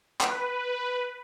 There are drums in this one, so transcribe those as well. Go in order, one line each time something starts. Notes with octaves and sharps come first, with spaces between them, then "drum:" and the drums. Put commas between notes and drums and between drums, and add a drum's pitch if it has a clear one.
B4, drum: clap